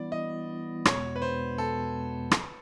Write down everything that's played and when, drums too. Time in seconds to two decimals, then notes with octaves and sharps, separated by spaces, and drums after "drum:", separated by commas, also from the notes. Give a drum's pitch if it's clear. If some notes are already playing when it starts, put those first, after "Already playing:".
Already playing: E3 G3 B3 E4 D5
0.12 D#5
0.85 E2 B2 G#3 B3 C#5, drum: rim click
1.16 B4
1.22 C5
1.58 A4
2.31 drum: rim click